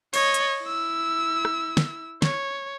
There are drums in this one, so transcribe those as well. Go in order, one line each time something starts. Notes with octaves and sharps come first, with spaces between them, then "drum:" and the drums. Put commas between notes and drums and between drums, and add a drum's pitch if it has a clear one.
C#5 D#5, drum: cymbal
drum: hi-hat
E4 E6
drum: rim click
drum: snare
C#5, drum: snare